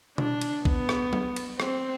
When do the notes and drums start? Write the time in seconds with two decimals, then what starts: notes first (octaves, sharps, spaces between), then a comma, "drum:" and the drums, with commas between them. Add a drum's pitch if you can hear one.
0.18 D4, drum: tom B2
0.41 drum: cymbal
0.65 B3, drum: kick A#1
0.89 drum: rim click
1.13 drum: tom F#3
1.36 drum: cymbal
1.60 C4, drum: rim click